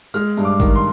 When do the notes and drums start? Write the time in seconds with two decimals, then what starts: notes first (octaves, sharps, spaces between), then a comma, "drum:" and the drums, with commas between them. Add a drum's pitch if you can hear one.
0.14 G#3 F6, drum: tambourine
0.37 G2, drum: tambourine
0.45 D6
0.60 D#3, drum: kick G#1, tambourine
0.75 C6